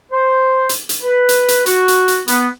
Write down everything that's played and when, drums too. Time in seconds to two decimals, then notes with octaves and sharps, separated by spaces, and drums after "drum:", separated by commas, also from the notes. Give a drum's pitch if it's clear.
0.12 C5
0.69 drum: hi-hat
0.89 drum: hi-hat
1.03 B4
1.29 drum: hi-hat
1.48 drum: hi-hat
1.66 F#4, drum: hi-hat
1.88 drum: hi-hat
2.08 drum: hi-hat
2.28 B3, drum: hi-hat